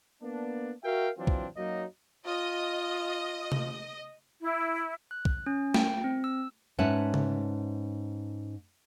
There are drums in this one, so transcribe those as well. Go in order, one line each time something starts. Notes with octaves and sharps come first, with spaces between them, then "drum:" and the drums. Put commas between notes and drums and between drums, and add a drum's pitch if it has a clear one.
A#3 B3 D4
F#4 A#4 E5 F5 G5
E3 F#3 C4 D4 F4
drum: kick
F#2 F#3 A#3 D#4 D#5
F4 D#5
drum: tom C3
E4
F#6
drum: kick
C#4
G5, drum: snare
C4
E6
G#2 C#4 B4 E5 F#5 A5
drum: tom C#3